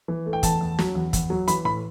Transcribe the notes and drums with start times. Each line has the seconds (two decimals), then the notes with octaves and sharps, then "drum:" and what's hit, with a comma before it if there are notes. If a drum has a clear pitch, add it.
0.08 E3
0.26 A3
0.33 G5
0.43 E2 A5, drum: kick, hi-hat
0.61 E2
0.79 F#3, drum: snare
0.95 E2
1.13 E2, drum: kick, hi-hat
1.30 F#3
1.48 E3 B5, drum: hi-hat
1.65 A2 B5